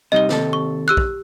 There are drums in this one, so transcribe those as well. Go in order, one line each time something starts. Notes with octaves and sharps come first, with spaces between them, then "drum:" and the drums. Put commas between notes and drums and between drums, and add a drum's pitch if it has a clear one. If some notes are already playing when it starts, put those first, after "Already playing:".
C3 G3 D#4 D#5 G7
D#2 C3 A4, drum: snare
C#6
G4 E6 F#6
drum: kick